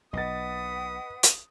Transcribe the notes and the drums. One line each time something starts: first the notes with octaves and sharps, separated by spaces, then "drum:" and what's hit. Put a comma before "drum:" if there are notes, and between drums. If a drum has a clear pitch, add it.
B1 B4 D#5 F#5 D#6 A6
drum: hi-hat